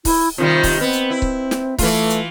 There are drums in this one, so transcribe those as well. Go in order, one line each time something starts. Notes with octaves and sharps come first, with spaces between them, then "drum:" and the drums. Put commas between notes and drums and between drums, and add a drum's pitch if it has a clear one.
E4, drum: kick C#1, open hi-hat
C3 D#3 G3 F4
drum: kick C#1, open hi-hat
B3 C4
drum: hi-hat
E4
drum: kick C#1
drum: snare
E3 A3 F4, drum: kick C#1, open hi-hat
drum: hi-hat